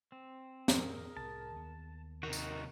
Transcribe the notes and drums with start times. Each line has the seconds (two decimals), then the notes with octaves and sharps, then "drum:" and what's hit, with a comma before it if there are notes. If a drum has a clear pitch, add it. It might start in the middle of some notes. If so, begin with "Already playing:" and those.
0.12 C4
0.68 F2 A2 D#3 G#4 A#4, drum: snare
1.17 C2 A2 A5
1.56 D#2 B3
2.23 C3 D#3 D#4 F#4 A#4
2.33 drum: tambourine